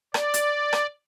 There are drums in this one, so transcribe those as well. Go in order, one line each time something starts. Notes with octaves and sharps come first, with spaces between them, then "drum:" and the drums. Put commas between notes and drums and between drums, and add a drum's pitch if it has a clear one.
D5, drum: rim click
drum: hi-hat
drum: rim click